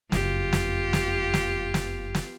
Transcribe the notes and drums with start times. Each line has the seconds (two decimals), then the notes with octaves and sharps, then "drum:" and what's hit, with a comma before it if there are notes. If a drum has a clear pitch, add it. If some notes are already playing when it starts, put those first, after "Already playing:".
0.12 F#1 F2 F4 G4, drum: snare
0.53 drum: snare
0.93 drum: snare
1.34 drum: snare
1.74 drum: snare
2.15 drum: snare